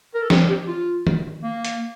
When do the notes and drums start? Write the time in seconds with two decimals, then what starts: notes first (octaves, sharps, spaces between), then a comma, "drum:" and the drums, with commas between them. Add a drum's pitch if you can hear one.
0.15 A#4
0.22 A4
0.30 G4, drum: snare
0.49 G4
0.68 F4
1.07 drum: tom D#3
1.43 A#3
1.65 drum: hi-hat